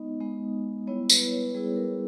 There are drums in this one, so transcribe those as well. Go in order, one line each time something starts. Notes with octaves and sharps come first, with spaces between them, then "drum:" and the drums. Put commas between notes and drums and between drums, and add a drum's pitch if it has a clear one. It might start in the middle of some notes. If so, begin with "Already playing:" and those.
Already playing: G#3 B3 D#4 D#5
G#3 B3 D#4
G3 B3 E4 C#5
B4, drum: tambourine
C#5
G3 B3 E4 G#4
A#4